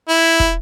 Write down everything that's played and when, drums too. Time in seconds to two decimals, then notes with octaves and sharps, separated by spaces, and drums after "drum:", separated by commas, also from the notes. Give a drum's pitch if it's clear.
0.08 E4
0.40 drum: kick